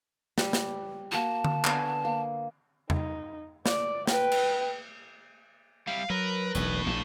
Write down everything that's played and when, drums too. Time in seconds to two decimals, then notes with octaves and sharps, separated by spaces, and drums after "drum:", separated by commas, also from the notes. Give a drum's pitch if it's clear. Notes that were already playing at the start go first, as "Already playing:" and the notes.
0.38 G3, drum: snare
0.53 drum: snare
1.12 A#3 F#4 A5
1.44 drum: tom D3
1.65 D3 B3 G#5, drum: clap
2.05 A#3
2.90 D#4, drum: tom E2
3.66 D5, drum: snare
4.07 B4 G5, drum: snare
4.32 drum: cymbal
5.87 G3 E4 F5
6.10 F#3 A#4 B4
6.55 E1 B1 A2, drum: hi-hat
6.86 A#1 A#3 A5